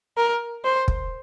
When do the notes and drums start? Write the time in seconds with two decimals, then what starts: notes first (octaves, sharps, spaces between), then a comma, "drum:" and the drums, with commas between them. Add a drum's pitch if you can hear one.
0.17 A#4
0.64 C5
0.88 drum: kick